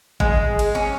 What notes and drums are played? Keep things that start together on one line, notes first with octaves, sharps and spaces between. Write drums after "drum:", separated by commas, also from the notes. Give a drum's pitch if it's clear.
G#3, drum: kick
drum: cymbal
C#4